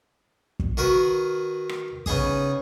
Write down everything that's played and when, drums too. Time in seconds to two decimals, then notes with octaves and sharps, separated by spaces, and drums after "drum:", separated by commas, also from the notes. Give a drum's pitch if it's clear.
0.59 drum: kick
0.77 D#3 F#4 A#4 B4
1.69 drum: rim click
2.06 C#3 B3 D#4 G#4 D#6, drum: kick